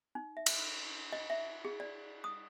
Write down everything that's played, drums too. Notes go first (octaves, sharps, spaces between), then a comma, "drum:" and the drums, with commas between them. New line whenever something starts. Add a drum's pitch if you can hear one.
D#4
E5
drum: cymbal
D#5
E5
G#4
D5
D#6